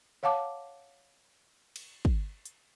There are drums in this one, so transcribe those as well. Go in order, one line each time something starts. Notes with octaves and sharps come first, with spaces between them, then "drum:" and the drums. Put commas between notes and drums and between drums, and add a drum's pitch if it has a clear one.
C#5 F5 F#5 A5 D6
drum: cymbal
drum: kick
drum: hi-hat